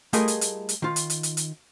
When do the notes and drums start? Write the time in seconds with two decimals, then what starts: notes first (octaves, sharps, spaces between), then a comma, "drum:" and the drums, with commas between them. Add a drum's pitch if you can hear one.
0.13 G3 A3 F4 G#4 A#4 D#5, drum: hi-hat
0.28 drum: hi-hat
0.41 drum: hi-hat
0.69 drum: hi-hat
0.82 D#3 F4
0.96 drum: hi-hat
1.10 drum: hi-hat
1.23 drum: hi-hat
1.37 drum: hi-hat